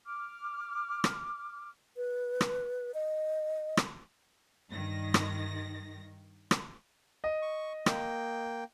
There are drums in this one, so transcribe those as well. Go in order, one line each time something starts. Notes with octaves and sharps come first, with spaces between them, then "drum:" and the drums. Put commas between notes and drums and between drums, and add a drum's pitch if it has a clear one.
D6 F6
drum: rim click
B4
drum: rim click
D#5
drum: rim click
G2 D#3 A#6
drum: rim click
drum: rim click
D#5
C#6
A#3 G5, drum: rim click